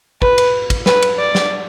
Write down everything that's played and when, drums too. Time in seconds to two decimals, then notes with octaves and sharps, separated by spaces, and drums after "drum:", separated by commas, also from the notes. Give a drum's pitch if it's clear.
0.22 B4, drum: kick
0.38 drum: cymbal
0.70 drum: kick, cymbal
0.86 B4, drum: snare
1.02 drum: cymbal
1.19 D5
1.35 drum: snare